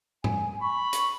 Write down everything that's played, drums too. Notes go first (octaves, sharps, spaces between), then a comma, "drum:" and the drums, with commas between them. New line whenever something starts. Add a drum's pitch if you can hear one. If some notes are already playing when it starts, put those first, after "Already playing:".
G#5, drum: tom G#2
B5 C#6
drum: hi-hat